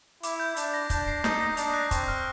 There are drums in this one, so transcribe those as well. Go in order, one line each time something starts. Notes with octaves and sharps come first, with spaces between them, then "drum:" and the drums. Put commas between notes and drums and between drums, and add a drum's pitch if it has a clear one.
E4 D6, drum: hi-hat
G6
D4 G6, drum: hi-hat
A#6
D4 G6, drum: kick, hi-hat
C7
D#4 G6, drum: snare
A#6
D4 D#6, drum: hi-hat
F#6
C4 C#6, drum: kick, hi-hat
F6